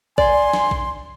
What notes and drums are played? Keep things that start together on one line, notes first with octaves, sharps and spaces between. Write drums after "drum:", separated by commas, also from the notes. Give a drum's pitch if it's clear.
D5 G#5 C6, drum: kick A#1
drum: snare
drum: kick A#1